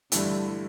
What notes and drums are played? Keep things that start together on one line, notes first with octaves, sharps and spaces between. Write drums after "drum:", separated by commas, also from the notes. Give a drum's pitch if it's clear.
G2 D3 E3 G3 A3 E4, drum: hi-hat